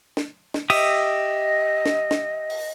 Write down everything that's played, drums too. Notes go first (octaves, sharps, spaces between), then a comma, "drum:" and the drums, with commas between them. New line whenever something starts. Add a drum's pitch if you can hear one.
drum: snare
drum: snare
G4 D#5 E5 D#6, drum: cymbal
drum: snare
drum: snare
drum: open hi-hat